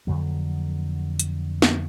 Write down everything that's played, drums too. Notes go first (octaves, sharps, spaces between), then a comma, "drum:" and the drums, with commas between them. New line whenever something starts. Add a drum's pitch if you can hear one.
F2 D3 F#3 A#3
drum: hi-hat
drum: snare